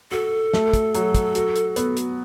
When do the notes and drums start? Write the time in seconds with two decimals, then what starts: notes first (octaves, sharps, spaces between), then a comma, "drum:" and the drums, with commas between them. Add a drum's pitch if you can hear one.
0.11 F#4 A4
0.53 A3, drum: snare
0.74 drum: kick, hi-hat
0.95 F#3, drum: hi-hat
1.15 drum: kick, hi-hat
1.35 F#4, drum: hi-hat
1.56 drum: hi-hat
1.76 B3, drum: hi-hat
1.97 drum: hi-hat